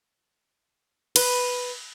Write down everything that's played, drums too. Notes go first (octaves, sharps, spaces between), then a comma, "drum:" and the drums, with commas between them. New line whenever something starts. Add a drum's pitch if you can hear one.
B4, drum: cymbal